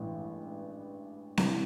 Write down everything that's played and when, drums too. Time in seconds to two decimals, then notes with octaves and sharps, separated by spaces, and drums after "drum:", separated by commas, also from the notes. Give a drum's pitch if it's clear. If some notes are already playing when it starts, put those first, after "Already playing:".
Already playing: A1 G2 E3 G#3 B3
1.37 C2 C3 E3, drum: snare C4